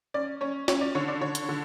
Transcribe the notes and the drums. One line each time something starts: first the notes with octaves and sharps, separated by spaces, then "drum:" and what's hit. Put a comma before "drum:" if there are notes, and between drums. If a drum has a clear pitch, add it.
C#4 D5
C#4 C#5
C#4 C#5, drum: snare
D5
D3 C#5
D5
D3 C#5
drum: hi-hat
D3